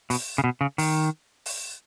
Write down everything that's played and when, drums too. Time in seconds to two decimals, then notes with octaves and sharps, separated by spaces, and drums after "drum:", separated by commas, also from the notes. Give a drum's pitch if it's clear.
0.10 B2, drum: open hi-hat
0.38 C#3
0.44 B2
0.61 C#3
0.78 D#3, drum: open hi-hat
1.46 drum: open hi-hat